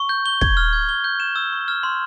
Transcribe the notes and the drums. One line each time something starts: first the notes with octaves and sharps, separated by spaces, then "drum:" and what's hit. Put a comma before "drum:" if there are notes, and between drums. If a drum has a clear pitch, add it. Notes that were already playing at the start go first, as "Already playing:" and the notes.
Already playing: C#6
G6
G7
G#6, drum: kick
F6
G#6
G7
G6
E7
E6
C#6
F6
C6